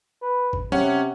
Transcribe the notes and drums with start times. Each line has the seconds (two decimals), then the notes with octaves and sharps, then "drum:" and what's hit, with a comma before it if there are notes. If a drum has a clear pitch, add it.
0.22 B4
0.53 drum: kick G1
0.72 C3 C#4 F#5, drum: tom